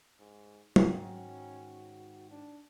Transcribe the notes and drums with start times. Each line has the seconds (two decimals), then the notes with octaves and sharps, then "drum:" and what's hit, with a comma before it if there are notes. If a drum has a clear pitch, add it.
0.19 G#2
0.76 G#2 D#3 C#4 F#4, drum: tom F#3
2.31 D4